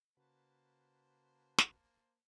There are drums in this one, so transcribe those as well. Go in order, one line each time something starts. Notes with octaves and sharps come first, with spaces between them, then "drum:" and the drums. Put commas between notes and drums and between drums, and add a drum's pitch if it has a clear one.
C#3 A#3 F#4 B4 C5 A5
drum: snare